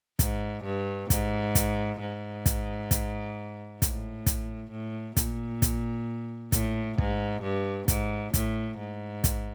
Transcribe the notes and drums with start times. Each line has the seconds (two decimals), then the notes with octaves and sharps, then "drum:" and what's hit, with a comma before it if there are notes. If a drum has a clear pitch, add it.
0.19 G#2, drum: kick, hi-hat
0.64 G2
1.10 G#2, drum: kick, hi-hat
1.55 drum: kick, hi-hat
2.01 G#2
2.46 drum: kick, hi-hat
2.91 drum: kick, hi-hat
3.82 A2, drum: kick, hi-hat
4.26 drum: kick, hi-hat
4.71 A2
5.17 A#2, drum: kick, hi-hat
5.62 drum: kick, hi-hat
6.52 A2, drum: kick, hi-hat
6.98 G#2, drum: kick
7.43 G2
7.88 G#2, drum: kick, hi-hat
8.34 A2, drum: kick, hi-hat
8.78 G#2
9.24 drum: kick, hi-hat